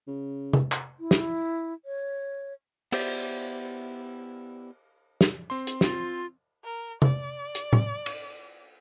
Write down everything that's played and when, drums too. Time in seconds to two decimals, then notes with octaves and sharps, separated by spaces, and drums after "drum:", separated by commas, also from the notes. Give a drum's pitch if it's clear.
0.07 C#3
0.53 drum: tom C3
0.72 drum: clap
0.98 E4
1.11 drum: snare
1.85 C#5
2.92 B3 E4 G4 C5 D5 E5, drum: cymbal
5.21 drum: snare
5.50 C4 C6, drum: tambourine
5.67 drum: hi-hat
5.81 F4, drum: snare
6.64 A#4
7.02 D5, drum: tom C3
7.55 drum: hi-hat
7.73 drum: tom A2
8.06 drum: cymbal